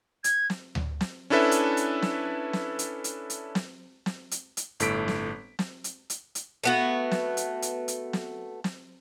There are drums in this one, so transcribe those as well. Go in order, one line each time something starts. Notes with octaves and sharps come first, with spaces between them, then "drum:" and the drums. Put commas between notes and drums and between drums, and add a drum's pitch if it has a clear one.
G#6, drum: hi-hat
drum: snare
drum: tom D2
drum: snare
C#4 D4 E4 A4 B4 E5
drum: hi-hat
drum: hi-hat
drum: snare
drum: snare
drum: hi-hat
drum: hi-hat
drum: hi-hat
drum: snare
drum: snare
drum: hi-hat
drum: hi-hat
G1 A2 A4 B6 D7, drum: hi-hat
drum: snare
drum: snare
drum: hi-hat
drum: hi-hat
drum: hi-hat
A3 B3 F#4
drum: snare
drum: hi-hat
drum: hi-hat
drum: hi-hat
drum: snare
drum: snare